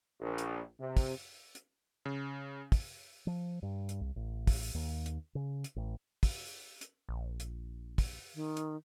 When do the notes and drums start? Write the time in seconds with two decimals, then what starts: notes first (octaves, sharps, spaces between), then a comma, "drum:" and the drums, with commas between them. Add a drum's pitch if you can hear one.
0.21 A#1
0.38 drum: hi-hat
0.80 C3
0.97 drum: kick, open hi-hat
1.55 drum: hi-hat
2.05 C#3
2.72 drum: kick, open hi-hat
3.27 F3
3.63 G2
3.89 drum: hi-hat
4.01 C2
4.16 A1
4.47 drum: kick, open hi-hat
4.74 D#2
5.06 drum: hi-hat
5.35 C#3
5.64 drum: hi-hat
5.76 A1
6.23 drum: kick, open hi-hat
6.81 drum: hi-hat
7.09 A#1
7.40 drum: hi-hat
7.98 drum: kick, open hi-hat
8.35 D#3
8.57 drum: hi-hat